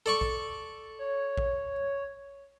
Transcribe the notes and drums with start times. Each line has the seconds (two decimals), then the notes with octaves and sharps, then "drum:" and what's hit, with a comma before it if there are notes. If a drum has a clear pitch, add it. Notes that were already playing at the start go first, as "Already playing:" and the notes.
0.06 A4 D5 C#6
0.21 drum: kick A#1
0.99 C#5
1.38 drum: kick A#1